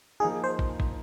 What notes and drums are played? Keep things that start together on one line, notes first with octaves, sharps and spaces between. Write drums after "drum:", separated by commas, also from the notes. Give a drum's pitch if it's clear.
F3 A#3 D#4 G#4
C5
drum: kick
drum: kick